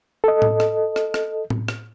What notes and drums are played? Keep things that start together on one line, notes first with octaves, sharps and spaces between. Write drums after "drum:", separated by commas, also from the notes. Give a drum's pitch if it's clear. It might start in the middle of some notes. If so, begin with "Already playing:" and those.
A4 D#5
drum: tom A2
drum: rim click
drum: rim click
drum: rim click
drum: tom A2
drum: rim click